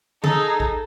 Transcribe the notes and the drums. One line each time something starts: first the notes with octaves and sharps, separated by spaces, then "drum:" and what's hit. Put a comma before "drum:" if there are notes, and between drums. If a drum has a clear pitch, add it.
D#4 G#4 A4, drum: tom
drum: kick